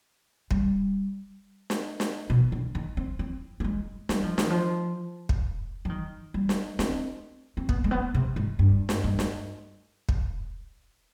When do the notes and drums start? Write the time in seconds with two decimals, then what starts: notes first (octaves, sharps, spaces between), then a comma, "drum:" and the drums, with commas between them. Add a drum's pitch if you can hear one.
0.51 G3, drum: kick
1.70 drum: snare
2.00 drum: snare
2.30 B2
2.52 D3
2.75 D#3
2.97 C4
3.19 C4
3.60 B3
3.64 G#3
4.09 G3, drum: snare
4.24 F3
4.38 D#3, drum: snare
4.50 F3
5.29 drum: kick
5.85 F3
5.89 D#3
6.34 G3
6.49 drum: snare
6.79 C4, drum: snare
7.57 C4
7.69 B3, drum: kick
7.84 G#3
7.91 B3
8.14 C3
8.36 G#2
8.59 G2
8.89 drum: snare
9.04 G2
9.19 drum: snare
10.09 drum: kick